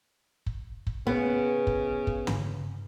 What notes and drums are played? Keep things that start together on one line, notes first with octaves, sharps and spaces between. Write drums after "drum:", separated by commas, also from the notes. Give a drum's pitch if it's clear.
drum: kick
drum: kick
C#3 B3
drum: kick
drum: kick
drum: tom